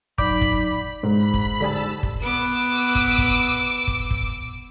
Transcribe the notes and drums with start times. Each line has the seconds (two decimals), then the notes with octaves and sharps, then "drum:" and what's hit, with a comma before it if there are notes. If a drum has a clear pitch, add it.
0.18 F#3 D#4 D5 B5 D6 G6, drum: kick
0.41 drum: kick
1.03 G#2 B5
1.34 drum: kick
1.61 D3 G3 G#4 A5 E6
2.03 drum: kick
2.22 B3 B4 D6 E6
2.95 drum: kick
3.18 drum: kick
3.87 drum: kick
4.11 drum: kick